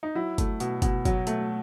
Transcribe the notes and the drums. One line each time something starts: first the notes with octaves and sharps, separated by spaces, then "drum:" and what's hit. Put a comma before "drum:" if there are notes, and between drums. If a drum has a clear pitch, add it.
D#4
F#3 E4
A3, drum: kick G1, hi-hat
B2, drum: hi-hat
B2, drum: kick G1, hi-hat
F#3, drum: kick G1, hi-hat
A3, drum: hi-hat